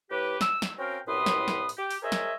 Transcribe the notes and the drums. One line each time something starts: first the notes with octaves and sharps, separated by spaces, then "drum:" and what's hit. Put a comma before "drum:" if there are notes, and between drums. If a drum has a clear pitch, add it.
A2 G4 B4
E6, drum: snare
drum: snare
C4 C#4 F#4 A#4 F5 G5
C2 F#2 A2 B4 C6 D#6
drum: snare
drum: snare
drum: open hi-hat
G4
drum: open hi-hat
G#4 A#4 C5 C#5 D#5 E5
drum: snare